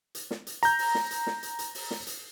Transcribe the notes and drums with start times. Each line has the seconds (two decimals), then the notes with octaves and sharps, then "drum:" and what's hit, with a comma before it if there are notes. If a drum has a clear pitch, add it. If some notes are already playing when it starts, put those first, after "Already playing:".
0.15 drum: hi-hat
0.31 drum: snare
0.47 drum: hi-hat
0.63 A#5 G6, drum: hi-hat
0.79 drum: open hi-hat
0.95 drum: snare
1.11 drum: hi-hat
1.27 drum: snare
1.43 drum: hi-hat
1.59 drum: hi-hat
1.75 drum: open hi-hat
1.91 drum: snare
2.07 drum: hi-hat